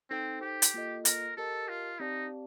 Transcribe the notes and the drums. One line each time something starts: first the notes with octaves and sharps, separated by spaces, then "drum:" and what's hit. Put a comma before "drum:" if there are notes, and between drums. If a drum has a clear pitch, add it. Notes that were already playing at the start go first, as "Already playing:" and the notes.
C4 D#4 A4 C5 G5
G4
drum: hi-hat
A#3 F4 A4 D#5
A#4, drum: hi-hat
G4 A4 A#4 D#5 A5
F4
C4 D#4 G4 D5 F5 A5